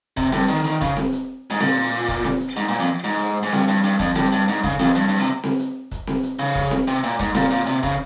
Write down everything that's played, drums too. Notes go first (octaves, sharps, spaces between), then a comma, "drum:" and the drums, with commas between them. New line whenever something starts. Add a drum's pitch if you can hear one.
C3, drum: kick, hi-hat
G2, drum: snare C4
D#3, drum: hi-hat
D#3
C#3, drum: kick, hi-hat
drum: snare C4
drum: hi-hat
G#2
A#2, drum: snare C4
drum: hi-hat
drum: kick, hi-hat
drum: snare C4
drum: hi-hat
G#2
A#2
F2
G#2, drum: hi-hat
G#2
G2, drum: snare C4
G2, drum: hi-hat
G2
F2, drum: kick, hi-hat
G2, drum: snare C4
G2, drum: hi-hat
G#2
C#3, drum: kick, hi-hat
F2, drum: snare C4
G2, drum: hi-hat
G2
C3
drum: snare C4
drum: hi-hat
drum: kick, hi-hat
drum: snare C4
drum: hi-hat
C#3
drum: kick, hi-hat
drum: snare C4
C3, drum: hi-hat
A#2
G#2, drum: kick, hi-hat
A#2, drum: snare C4
A#2, drum: hi-hat
C3
C#3, drum: kick, hi-hat